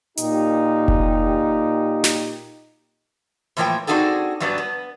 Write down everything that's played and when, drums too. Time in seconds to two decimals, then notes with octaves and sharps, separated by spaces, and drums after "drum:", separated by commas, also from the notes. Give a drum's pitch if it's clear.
0.17 A#2 D#4 G4, drum: hi-hat
0.88 drum: kick F1
2.04 drum: snare
3.57 A2 E3 F3 A#3 C#5 G5
3.87 C4 D4 D#4 F#4 G#4 A4
4.40 G2 F#3 G3 B3 D4
4.58 B3